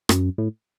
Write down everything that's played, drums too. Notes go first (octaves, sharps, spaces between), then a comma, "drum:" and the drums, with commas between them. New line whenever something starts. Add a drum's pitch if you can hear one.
F#2, drum: rim click
A2